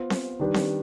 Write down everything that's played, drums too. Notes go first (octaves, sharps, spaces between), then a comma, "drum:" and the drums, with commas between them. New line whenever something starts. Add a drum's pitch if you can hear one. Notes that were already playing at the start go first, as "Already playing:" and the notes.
Already playing: B3 F4 C5
drum: snare C4
D#3 G3 D4 G4 B4
drum: snare C4